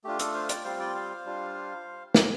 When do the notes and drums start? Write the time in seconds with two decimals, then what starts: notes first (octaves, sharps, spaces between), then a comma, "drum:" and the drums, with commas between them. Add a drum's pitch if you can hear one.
0.04 A3 D4 F4 G4
0.19 A4, drum: hi-hat
0.34 C5 F5
0.49 D5 G5, drum: hi-hat
0.64 G3 C4 F4 C5 F5
0.79 D5 G5
0.94 C5 F5
1.25 G3 D4 F4
2.15 drum: snare